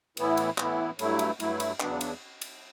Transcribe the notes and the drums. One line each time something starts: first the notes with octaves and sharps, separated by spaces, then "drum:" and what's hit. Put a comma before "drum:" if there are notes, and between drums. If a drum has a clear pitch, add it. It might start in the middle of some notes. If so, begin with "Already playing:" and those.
A2 E3 B3 E4, drum: cymbal
drum: cymbal
A2 E3 B3 E4, drum: clap
G2 F#3 A3 E4, drum: cymbal
drum: cymbal
G2 F#3 A3 E4, drum: cymbal
drum: cymbal
E2 C#3 F#3 B3 D4, drum: clap
drum: cymbal
drum: cymbal